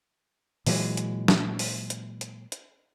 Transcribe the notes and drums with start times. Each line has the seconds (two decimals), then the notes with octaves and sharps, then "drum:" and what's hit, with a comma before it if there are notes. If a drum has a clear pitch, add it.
0.66 A#2 E3 F#3 G#3, drum: open hi-hat
0.97 drum: hi-hat
1.28 drum: snare
1.59 drum: open hi-hat
1.90 drum: hi-hat
2.21 drum: hi-hat
2.52 drum: hi-hat